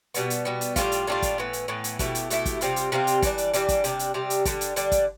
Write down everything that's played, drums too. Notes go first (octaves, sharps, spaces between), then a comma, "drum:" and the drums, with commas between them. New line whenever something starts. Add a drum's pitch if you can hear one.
B2 G3 B3, drum: hi-hat
drum: hi-hat
B2 G3 B3
drum: hi-hat
A2 G3 D4 F4, drum: kick, hi-hat
drum: hi-hat
A2 G3 D4 F4
drum: kick, hi-hat
A2 E3 B3
drum: hi-hat
A2 E3 B3
drum: hi-hat
B2 A3 E4 G4, drum: kick, hi-hat
drum: hi-hat
B2 A3 E4 G4, drum: hi-hat
drum: kick, hi-hat
C3 G3 C4 F4, drum: hi-hat
drum: hi-hat
C3 G3 C4 F4
drum: hi-hat
E3 G3 D4, drum: kick, hi-hat
drum: hi-hat
E3 G3 D4, drum: hi-hat
drum: kick, hi-hat
C3 G3 D4, drum: hi-hat
drum: hi-hat
C3 G3 D4
drum: hi-hat
D3 G3 D4, drum: kick, hi-hat
drum: hi-hat
D3 G3 D4, drum: hi-hat
drum: kick, hi-hat